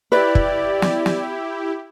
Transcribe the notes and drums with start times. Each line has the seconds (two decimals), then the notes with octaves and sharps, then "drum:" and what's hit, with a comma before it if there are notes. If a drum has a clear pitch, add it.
0.12 E4 G4 B4 D5
0.35 drum: kick
0.82 drum: snare
1.06 drum: snare